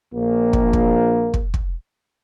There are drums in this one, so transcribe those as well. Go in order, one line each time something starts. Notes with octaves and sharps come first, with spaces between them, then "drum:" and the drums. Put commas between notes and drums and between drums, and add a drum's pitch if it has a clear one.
A#1 A#3
drum: kick
drum: kick
drum: kick
drum: kick